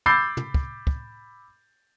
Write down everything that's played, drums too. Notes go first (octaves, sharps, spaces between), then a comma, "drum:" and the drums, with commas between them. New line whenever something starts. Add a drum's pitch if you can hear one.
B5 D6 E6 G6 A6 C7
drum: tom
drum: kick
drum: kick